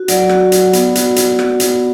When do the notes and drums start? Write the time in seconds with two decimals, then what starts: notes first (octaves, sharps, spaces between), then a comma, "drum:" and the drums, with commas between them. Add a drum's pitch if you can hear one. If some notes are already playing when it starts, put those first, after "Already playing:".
Already playing: F#4
0.08 F#3 D5 F#5, drum: hi-hat
0.29 F#4, drum: rim click
0.52 F#3, drum: hi-hat
0.73 B3, drum: hi-hat
0.95 F#4, drum: hi-hat
1.16 B3, drum: hi-hat
1.39 F#4, drum: rim click
1.60 B3, drum: hi-hat